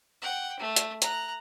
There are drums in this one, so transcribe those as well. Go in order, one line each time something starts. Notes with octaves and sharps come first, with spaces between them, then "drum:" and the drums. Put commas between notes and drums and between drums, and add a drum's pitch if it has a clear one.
F#5 G5
A3
drum: hi-hat
A#5 F#6, drum: hi-hat